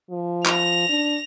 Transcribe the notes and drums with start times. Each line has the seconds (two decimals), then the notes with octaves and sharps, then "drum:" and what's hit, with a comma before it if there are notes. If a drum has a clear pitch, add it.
0.10 F3
0.45 A#6 F7, drum: clap
0.89 D4